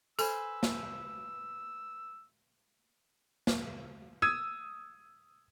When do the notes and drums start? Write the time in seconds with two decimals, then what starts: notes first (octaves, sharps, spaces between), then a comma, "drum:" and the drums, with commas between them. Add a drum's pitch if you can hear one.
0.19 A4 B4 C5 G#5 E6, drum: tambourine
0.63 drum: snare
3.47 drum: snare
4.22 D#6 E6 G#6 D#7